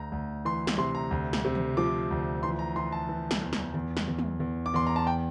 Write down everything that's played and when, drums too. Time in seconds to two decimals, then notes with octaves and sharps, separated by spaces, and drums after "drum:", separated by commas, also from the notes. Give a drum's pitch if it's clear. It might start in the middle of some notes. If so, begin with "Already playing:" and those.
Already playing: D2 A#5
0.12 D2
0.45 E3 C6
0.67 drum: snare
0.78 C3 C6
0.95 A#5
1.11 D2
1.33 drum: snare
1.45 C3
1.55 drum: tom
1.77 F3 D6
2.11 D2
2.43 E3 C6
2.59 A#5
2.76 E3 C6
2.92 A5
3.09 E3
3.31 drum: snare
3.41 E2
3.53 drum: snare
3.74 E2
3.97 drum: snare
4.08 E2
4.19 drum: tom
4.40 E2
4.66 D6
4.74 E2 C6
4.87 A#5
4.96 A5
5.07 G5